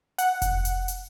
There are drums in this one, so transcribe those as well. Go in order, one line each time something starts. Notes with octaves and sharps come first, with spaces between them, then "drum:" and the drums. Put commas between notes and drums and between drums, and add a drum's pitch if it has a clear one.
F#5, drum: hi-hat
drum: kick F1, hi-hat
drum: hi-hat
drum: hi-hat